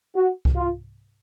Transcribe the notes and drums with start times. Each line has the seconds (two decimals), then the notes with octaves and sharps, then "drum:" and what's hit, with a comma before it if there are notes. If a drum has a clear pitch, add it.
0.16 F#4
0.45 drum: kick C2
0.56 F4